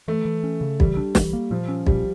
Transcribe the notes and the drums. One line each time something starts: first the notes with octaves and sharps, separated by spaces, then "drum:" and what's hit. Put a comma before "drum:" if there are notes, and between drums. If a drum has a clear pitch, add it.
E3 A3
E3
C#4
C#3
E3 G3, drum: kick
D4
E3, drum: snare
A#3
A#2 F3
C#4
A#2 G3, drum: kick